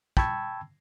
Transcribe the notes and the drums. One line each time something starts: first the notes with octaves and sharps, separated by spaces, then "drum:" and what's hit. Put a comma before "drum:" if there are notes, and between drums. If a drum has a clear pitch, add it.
G5 A5 B5 C#6 E6 G#6, drum: kick